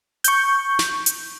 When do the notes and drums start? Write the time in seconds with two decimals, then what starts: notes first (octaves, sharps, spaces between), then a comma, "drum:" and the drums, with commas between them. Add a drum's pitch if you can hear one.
0.24 C#6 G6, drum: hi-hat
0.79 drum: snare
1.06 drum: hi-hat